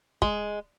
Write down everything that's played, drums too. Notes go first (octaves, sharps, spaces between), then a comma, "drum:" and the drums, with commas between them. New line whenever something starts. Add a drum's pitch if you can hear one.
G#3, drum: kick